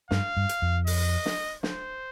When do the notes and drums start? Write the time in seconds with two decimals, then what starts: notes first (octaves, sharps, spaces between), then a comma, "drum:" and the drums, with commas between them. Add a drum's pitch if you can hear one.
0.11 G2 F5, drum: snare
0.37 G2
0.49 drum: hi-hat
0.62 F2
0.87 D#5, drum: open hi-hat
1.26 drum: snare
1.63 C5, drum: snare